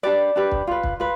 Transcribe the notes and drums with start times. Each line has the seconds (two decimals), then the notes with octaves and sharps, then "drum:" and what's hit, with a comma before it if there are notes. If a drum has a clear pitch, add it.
0.03 D4 G4 B4 D5
0.36 D4 G4 B4
0.52 drum: kick
0.67 F4 B4
0.84 drum: kick
1.00 F4 B4